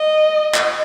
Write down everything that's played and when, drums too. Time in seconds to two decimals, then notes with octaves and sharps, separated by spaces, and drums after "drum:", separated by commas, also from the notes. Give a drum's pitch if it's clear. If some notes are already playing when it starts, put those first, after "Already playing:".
Already playing: D#5
0.54 drum: clap